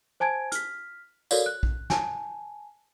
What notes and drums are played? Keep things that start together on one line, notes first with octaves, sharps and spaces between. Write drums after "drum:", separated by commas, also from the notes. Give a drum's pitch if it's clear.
C5 G#5 A5 G#6 D7
F6 B6, drum: hi-hat
F#4 A4 A#4 C#5 D5 F5, drum: tambourine
F#6
drum: kick A#1
G#5 A5, drum: snare